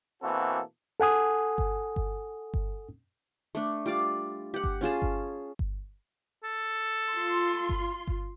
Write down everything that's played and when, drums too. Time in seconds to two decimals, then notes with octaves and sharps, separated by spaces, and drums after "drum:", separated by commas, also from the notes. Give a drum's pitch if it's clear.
0.22 B2 E3 A#3 C4 F#4 A4
1.00 A4 F#5 G#5 D#6
1.58 drum: kick G1
1.96 drum: kick G1
2.54 drum: kick G1
3.55 A3 D4
3.86 G3 F4 D5 F5
4.54 G4 F#5
4.64 drum: kick G1
4.81 C#4 F4 G#4 A5
5.02 drum: kick G1
5.59 drum: kick G1
6.44 A4
7.12 F4 C6
7.69 drum: kick G1
8.07 drum: kick G1